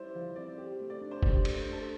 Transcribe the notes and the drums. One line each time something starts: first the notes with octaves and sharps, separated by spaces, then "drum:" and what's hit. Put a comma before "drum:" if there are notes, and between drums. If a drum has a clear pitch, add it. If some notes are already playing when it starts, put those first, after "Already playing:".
Already playing: G3 E4 C5 D5
F3
C4 D5
G4
A3
D5
D4
C5
G4 D5, drum: kick F#1
D5
A3, drum: cymbal
C5
D4
A4